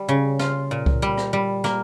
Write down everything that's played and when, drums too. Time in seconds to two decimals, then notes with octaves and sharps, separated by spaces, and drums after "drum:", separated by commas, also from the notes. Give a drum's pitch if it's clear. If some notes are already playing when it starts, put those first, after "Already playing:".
Already playing: G3
0.09 C#3
0.39 F4, drum: rim click
0.71 A#2
0.86 drum: kick C2
1.02 G3
1.17 drum: rim click
1.33 G3
1.64 A#3, drum: rim click